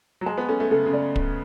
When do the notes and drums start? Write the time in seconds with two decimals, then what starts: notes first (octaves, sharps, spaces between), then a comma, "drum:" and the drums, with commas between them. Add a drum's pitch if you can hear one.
0.21 F#3
0.26 G#3 A5
0.38 B3
0.49 C#4 A4
0.60 A3
0.71 C#3 A4
0.86 C#3
0.93 D5
1.16 drum: kick